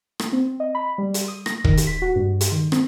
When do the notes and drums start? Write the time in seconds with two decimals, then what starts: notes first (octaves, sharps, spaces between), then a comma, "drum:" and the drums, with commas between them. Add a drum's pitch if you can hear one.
0.19 drum: rim click
0.33 C4
0.60 D#5
0.75 B5
0.98 G3
1.14 drum: hi-hat
1.28 D#6
1.46 A#6, drum: rim click
1.64 D#3, drum: kick
1.77 drum: hi-hat
1.87 B6
2.02 F#4
2.16 G2
2.41 drum: hi-hat
2.52 D#3
2.72 C4, drum: rim click